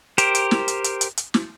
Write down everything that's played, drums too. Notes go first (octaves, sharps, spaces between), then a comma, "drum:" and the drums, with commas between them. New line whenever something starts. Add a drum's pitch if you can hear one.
G4 A#4 C5, drum: hi-hat
drum: hi-hat
drum: snare
drum: hi-hat
drum: hi-hat
drum: hi-hat
drum: hi-hat
drum: snare